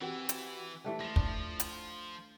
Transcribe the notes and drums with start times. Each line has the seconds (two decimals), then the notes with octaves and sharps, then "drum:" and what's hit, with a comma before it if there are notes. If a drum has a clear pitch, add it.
0.01 E3 C4 F#4 G4
0.29 drum: hi-hat
0.84 E3 A3 D4 G4
1.01 F3 A#6 E7
1.16 D4, drum: kick
1.60 drum: hi-hat